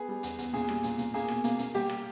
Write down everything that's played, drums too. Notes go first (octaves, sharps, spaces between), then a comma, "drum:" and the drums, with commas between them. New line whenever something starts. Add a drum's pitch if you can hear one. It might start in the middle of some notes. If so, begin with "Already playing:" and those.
Already playing: B3 G#4
G3
E2, drum: hi-hat
E2, drum: hi-hat
A#2 G#4, drum: open hi-hat
G3, drum: rim click
A#2, drum: hi-hat
A#2, drum: hi-hat
A#3 G#4, drum: open hi-hat
B2, drum: rim click
A#3, drum: hi-hat
A#3, drum: hi-hat
G3 G4, drum: open hi-hat
drum: rim click